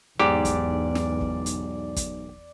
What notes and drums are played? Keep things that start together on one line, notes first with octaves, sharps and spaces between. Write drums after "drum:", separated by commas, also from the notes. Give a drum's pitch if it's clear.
B1 E2 G#2 G4 D5
drum: kick, hi-hat
drum: snare
drum: kick
drum: hi-hat
drum: kick, hi-hat